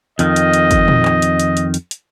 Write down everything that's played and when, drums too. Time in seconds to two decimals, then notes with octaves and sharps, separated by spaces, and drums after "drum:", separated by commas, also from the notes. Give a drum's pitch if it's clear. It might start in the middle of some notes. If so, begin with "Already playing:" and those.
0.19 F2 D#3 D#5, drum: hi-hat
0.36 drum: hi-hat
0.54 drum: hi-hat
0.71 drum: kick, hi-hat
0.88 drum: tom A#2
1.05 drum: clap
1.22 drum: hi-hat
1.40 drum: hi-hat
1.57 drum: hi-hat
1.74 drum: hi-hat
1.91 drum: hi-hat